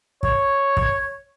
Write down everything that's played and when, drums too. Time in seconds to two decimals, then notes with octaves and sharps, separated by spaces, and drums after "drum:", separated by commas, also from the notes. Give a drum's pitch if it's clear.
0.23 C#5, drum: kick
0.77 drum: kick